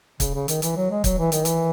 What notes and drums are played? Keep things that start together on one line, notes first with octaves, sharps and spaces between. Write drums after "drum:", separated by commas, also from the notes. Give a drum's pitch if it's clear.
C#3, drum: kick, hi-hat
C#3
D#3, drum: hi-hat
E3, drum: hi-hat
F#3
G#3
F#3, drum: kick, hi-hat
E3
D#3, drum: hi-hat
E3, drum: hi-hat